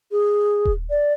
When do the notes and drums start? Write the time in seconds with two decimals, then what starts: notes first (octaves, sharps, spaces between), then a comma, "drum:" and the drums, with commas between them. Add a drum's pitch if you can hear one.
0.12 G#4
0.65 drum: kick D#1
0.90 D5